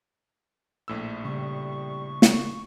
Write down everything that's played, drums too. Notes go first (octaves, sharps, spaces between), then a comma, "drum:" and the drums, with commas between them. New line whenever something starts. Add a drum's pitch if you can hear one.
A#1 A2 E6
C#3 G3 C#6
drum: snare